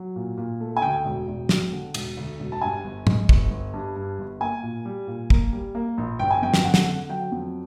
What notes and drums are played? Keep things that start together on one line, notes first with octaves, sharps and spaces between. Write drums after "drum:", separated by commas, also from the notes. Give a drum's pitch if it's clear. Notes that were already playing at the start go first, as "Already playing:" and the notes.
Already playing: F#3
A#2
A#2
A3
G#5
D2 G5
E1
E1
E1, drum: snare
D3
E1, drum: cymbal
D2
E1
A5
G2 G#5
G1
G#3, drum: tom
G1, drum: kick
G1
G2
G2
G1
A#3 G#5
A#2
G3
A#2
A#3, drum: kick
G3
A#3
A#1
G1 G5
G#5
F2 G5
drum: snare
D3 F#5
drum: snare
D3
F#3 G5
F2